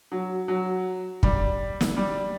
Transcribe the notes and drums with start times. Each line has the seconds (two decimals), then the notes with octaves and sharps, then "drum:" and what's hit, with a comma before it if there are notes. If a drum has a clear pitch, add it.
0.12 F#3
0.48 F#3
1.23 G3, drum: kick
1.81 drum: snare
1.97 G3